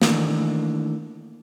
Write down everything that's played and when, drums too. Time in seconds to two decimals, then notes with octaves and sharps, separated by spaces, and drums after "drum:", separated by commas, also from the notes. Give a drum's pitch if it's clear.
0.02 D#3 E3 A3 A#3 D4, drum: snare